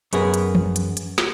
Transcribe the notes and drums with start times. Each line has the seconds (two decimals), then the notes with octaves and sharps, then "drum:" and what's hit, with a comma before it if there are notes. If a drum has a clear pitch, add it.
0.13 F#2 B3 G#4 A#4, drum: hi-hat
0.34 drum: hi-hat
0.55 drum: tom E3
0.76 drum: hi-hat
0.97 drum: hi-hat
1.18 drum: snare